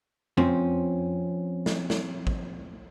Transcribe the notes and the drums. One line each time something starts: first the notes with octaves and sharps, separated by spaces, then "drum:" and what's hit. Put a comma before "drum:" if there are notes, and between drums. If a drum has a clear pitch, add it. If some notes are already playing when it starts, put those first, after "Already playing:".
F3 C4 C#4, drum: tom F2
drum: snare
drum: snare
drum: kick A1